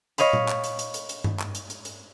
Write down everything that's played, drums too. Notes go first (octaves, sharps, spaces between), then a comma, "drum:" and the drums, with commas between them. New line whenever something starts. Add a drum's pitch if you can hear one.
C#5 D#5 F5 B5, drum: hi-hat
drum: tom A#2
drum: clap
drum: hi-hat
drum: hi-hat
drum: hi-hat
drum: hi-hat
drum: tom G2
drum: clap
drum: hi-hat
drum: hi-hat
drum: hi-hat